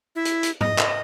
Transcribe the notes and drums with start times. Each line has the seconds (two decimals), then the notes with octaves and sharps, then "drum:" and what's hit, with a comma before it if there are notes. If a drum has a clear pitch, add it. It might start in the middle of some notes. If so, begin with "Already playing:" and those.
0.15 E4
0.25 drum: hi-hat
0.43 drum: hi-hat
0.61 D#5, drum: tom G#2
0.78 drum: clap